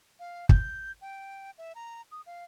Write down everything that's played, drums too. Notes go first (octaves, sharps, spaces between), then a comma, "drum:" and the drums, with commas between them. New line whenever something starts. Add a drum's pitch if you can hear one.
F5
G6, drum: kick
G5
E5
A#5
D#6
F5